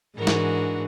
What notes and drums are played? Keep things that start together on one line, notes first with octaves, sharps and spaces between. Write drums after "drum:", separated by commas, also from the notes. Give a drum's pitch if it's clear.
G#2 E3 D4 F#4 A#4
drum: snare